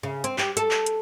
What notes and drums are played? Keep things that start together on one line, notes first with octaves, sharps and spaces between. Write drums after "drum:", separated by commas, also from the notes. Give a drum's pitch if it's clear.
C#3
C4, drum: hi-hat
G4, drum: clap
A4, drum: hi-hat
drum: clap
drum: hi-hat